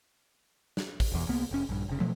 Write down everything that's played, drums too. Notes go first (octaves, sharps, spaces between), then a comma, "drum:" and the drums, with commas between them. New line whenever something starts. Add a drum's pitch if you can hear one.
drum: snare
drum: kick G#1, open hi-hat
E1 E2
C2 A#3 B3
F1 C#4
A#1 G2
F1 C#3
B2 F3 F#3 A3